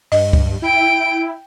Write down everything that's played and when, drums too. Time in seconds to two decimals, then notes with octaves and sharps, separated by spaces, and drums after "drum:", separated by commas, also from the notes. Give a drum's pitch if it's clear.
0.12 G2 D#5, drum: open hi-hat
0.33 drum: kick C#2
0.62 E4 G5 D7